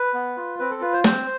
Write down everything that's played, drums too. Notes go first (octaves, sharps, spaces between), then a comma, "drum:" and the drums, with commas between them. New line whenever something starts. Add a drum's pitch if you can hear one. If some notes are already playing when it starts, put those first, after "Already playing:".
Already playing: B4
B3
F4
C4 B4
A4
F4 B4
C5
C4 C5, drum: snare